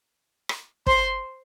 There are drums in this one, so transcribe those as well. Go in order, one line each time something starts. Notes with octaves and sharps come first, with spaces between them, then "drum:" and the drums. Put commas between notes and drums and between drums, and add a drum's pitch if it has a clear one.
drum: rim click
C5 C6, drum: kick